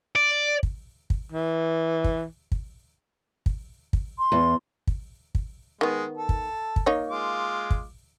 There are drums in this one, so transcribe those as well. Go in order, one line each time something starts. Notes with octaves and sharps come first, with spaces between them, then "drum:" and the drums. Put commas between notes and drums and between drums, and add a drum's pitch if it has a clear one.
D5
drum: kick
drum: kick
E3
drum: kick
drum: kick
drum: kick
drum: kick
C6
E2
drum: kick
drum: kick
D#3 G#3 B3
A4
drum: kick
drum: kick
A#3 D#4 C#5
G#3 F4 D6
drum: kick